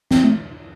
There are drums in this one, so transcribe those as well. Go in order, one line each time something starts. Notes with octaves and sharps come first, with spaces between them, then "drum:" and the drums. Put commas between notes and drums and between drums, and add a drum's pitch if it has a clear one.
C4, drum: snare
A3